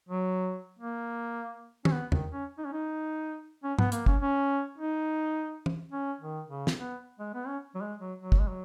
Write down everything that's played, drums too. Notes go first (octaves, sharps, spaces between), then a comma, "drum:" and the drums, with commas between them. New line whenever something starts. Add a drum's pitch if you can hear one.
F#3
A#3
C#4, drum: tom
B3
D#3, drum: tom E2
C#4
D#4
C#4
D#4
C#4
B3, drum: tom G#2
A#3, drum: hi-hat
C#4, drum: kick
C#4
D#4
drum: tom E3
C#4
D#3
C#3
drum: snare
B3
G#3
B3
C#4
F#3
G#3
F#3
F#3
drum: kick
G#3
F#3